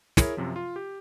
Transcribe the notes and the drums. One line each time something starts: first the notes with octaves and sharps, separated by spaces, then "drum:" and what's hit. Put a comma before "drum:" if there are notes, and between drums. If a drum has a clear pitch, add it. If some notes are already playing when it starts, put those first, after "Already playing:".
E4 G#4 A#4 C#5, drum: snare
F#2 C3 F3
F4
G4